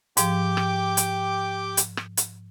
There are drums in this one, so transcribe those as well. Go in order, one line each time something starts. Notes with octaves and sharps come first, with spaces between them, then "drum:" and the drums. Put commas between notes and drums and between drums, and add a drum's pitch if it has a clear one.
G#2 F3 G4 G5 D6, drum: hi-hat
drum: rim click
drum: hi-hat
drum: hi-hat
drum: rim click
drum: hi-hat